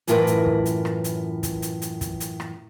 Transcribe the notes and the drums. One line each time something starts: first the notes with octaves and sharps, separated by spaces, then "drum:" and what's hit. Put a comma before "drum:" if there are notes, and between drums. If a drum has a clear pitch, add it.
F#2 A2 E3 F4 A#4 B4, drum: hi-hat
drum: hi-hat
drum: kick
drum: hi-hat
drum: rim click
drum: hi-hat
drum: kick, hi-hat
drum: hi-hat
drum: hi-hat
drum: kick, hi-hat
drum: hi-hat
drum: rim click